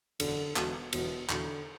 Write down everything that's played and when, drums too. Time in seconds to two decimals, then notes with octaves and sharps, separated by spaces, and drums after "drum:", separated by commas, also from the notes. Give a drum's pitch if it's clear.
0.20 F#1 E2 B2 D3, drum: cymbal
0.56 E1 E2 B2 D3 F#3 B3, drum: clap
0.93 E1 E2 B2 D3 F#3 B3, drum: cymbal
1.29 E2 B2 D3 F#3, drum: clap